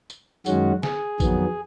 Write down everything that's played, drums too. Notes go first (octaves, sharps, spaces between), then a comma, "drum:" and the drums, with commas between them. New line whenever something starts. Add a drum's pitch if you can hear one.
drum: tambourine
F#2 D#3 G#3 C#4 F#4, drum: tambourine
G#4, drum: snare
F2 D#3 F#3 B3, drum: kick, tambourine